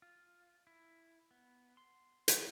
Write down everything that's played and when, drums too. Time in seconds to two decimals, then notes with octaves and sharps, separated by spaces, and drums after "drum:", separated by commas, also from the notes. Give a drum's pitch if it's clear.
0.02 F4
0.67 E4
1.31 B3
1.77 C6
2.28 drum: hi-hat